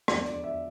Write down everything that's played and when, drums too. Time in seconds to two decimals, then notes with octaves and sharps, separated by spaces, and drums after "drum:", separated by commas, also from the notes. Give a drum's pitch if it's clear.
0.08 E2 D3 F3 D5, drum: rim click
0.26 D5, drum: hi-hat
0.44 E5